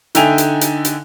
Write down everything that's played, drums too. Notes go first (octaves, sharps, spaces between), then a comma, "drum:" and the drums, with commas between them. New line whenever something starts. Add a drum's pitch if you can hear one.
D3 D#4 E5 G5 G#5 F7, drum: hi-hat
drum: hi-hat
drum: hi-hat
drum: hi-hat